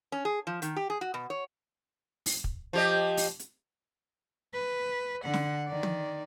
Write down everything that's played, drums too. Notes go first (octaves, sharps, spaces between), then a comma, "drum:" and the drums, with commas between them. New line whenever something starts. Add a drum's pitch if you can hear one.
C#4
G#4
F3
D#3, drum: hi-hat
G4
G#4
F#4
B2
C#5
drum: open hi-hat
drum: kick
F3 G4 D#5
drum: open hi-hat
drum: hi-hat
B4
D3 F#5
drum: snare
D#3 D5
drum: tom